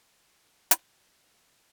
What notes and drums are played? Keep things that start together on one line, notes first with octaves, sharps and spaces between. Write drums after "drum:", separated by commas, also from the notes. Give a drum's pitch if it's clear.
E4 A4
drum: hi-hat
G3 F#4 G5 B5 D#6
B1 A#3